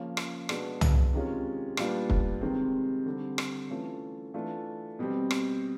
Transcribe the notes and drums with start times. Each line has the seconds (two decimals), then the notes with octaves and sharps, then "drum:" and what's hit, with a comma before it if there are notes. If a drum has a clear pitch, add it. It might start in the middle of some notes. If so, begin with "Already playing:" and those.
Already playing: C#3 F3 A#3 C#4
0.17 drum: rim click
0.49 B2 G#3 B3 D4 F#4, drum: rim click
0.81 drum: tom
1.13 C3 D#3 G#3 C#4 F4
1.77 A#2 G3 B3 D4 F4, drum: rim click
2.10 drum: kick
2.41 C3 D#3 G#3 C4
3.06 D3 G3 C4
3.38 drum: rim click
3.70 E3 A3 C#4 F4
4.34 E3 A3 D4 F4
4.99 B2 G3 C4
5.31 drum: rim click